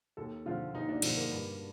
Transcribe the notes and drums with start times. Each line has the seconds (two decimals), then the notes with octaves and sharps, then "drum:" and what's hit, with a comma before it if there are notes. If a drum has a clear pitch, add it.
0.17 D#2 A4
0.46 D3 F3 F4
0.74 D#2 D#4
0.89 D4
1.02 D3 F3, drum: cymbal
1.17 A#3
1.31 G2